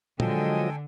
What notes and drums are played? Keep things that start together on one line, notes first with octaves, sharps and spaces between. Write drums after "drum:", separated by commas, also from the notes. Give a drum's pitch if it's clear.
D3 F3 F#3 G#3 A4 D#5 G5 G#5, drum: tom A#2